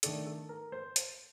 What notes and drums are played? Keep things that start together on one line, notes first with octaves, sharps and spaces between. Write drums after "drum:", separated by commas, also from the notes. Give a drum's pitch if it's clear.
D#3 A3 D4 A4, drum: hi-hat
A4
A#4
C5
drum: hi-hat